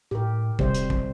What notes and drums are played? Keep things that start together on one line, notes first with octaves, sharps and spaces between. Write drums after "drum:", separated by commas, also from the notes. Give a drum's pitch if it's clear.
A2 G4 A#4
D#1 C3 G3 C5, drum: kick
drum: hi-hat
drum: kick